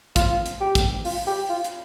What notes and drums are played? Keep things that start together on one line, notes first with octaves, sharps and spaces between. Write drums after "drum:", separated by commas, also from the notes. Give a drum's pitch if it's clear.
F4, drum: kick, hi-hat
drum: hi-hat
G4
drum: kick, hi-hat
F4, drum: open hi-hat
G4
F4
drum: hi-hat